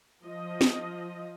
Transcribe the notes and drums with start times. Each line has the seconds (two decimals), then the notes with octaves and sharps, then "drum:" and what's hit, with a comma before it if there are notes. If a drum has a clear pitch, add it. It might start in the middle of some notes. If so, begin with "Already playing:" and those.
0.24 F3 D#5
0.61 drum: snare